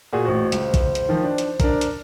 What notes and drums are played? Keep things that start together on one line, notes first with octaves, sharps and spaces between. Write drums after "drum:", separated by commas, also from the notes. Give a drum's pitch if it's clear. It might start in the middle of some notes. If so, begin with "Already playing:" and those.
A#2 F#4 G#4
A1 F#4 C5
C#2, drum: hi-hat
drum: kick, hi-hat
drum: hi-hat
D#3 F3
D4
drum: hi-hat
D4 A#4, drum: kick, hi-hat
drum: hi-hat